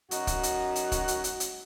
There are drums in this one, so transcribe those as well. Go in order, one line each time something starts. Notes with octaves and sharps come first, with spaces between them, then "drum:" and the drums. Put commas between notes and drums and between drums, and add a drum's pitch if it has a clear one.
F#2 D#4 F#4, drum: hi-hat
drum: kick, hi-hat
drum: hi-hat
drum: hi-hat
drum: kick, hi-hat
drum: hi-hat
drum: hi-hat
drum: hi-hat